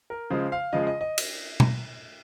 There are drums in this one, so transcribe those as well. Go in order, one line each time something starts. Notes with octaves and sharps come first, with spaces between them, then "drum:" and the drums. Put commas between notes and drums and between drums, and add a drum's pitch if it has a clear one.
A#4
C#3 F3 G#3 C5
F5
C#3 F3 G#3 D#5
D#5
D#5
drum: cymbal
drum: tom